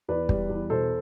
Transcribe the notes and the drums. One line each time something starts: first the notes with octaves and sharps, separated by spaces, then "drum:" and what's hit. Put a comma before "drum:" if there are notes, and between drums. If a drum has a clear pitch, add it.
E2 B4 D5
G3, drum: kick
E2
B2 A4 C5